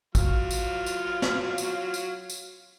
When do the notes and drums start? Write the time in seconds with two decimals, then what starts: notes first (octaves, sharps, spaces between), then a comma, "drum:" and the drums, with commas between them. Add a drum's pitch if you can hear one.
0.15 F#3 F4 F6, drum: kick A1, tambourine
0.51 drum: tambourine
0.86 drum: tambourine
1.22 drum: snare
1.58 drum: tambourine
1.94 drum: tambourine
2.30 drum: tambourine